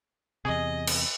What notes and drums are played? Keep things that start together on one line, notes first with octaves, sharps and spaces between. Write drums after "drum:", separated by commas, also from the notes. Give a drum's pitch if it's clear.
E2 C3 G#4 D#5
drum: cymbal